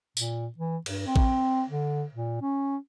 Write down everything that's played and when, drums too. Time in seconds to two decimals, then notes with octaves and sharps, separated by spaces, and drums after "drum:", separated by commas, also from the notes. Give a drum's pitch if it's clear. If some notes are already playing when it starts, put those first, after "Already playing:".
0.17 A#2, drum: tambourine
0.57 E3
0.86 G2, drum: cymbal
1.06 C4
1.16 drum: kick A1
1.69 D3
2.14 A#2
2.41 C#4